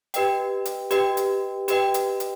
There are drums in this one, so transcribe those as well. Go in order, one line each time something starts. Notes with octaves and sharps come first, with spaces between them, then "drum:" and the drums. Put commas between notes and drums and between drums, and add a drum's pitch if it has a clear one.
G4 B4 D#5 G5, drum: hi-hat
drum: hi-hat
G4 B4 D#5 G5, drum: hi-hat
drum: hi-hat
G4 B4 D#5 G5, drum: hi-hat
drum: hi-hat
drum: hi-hat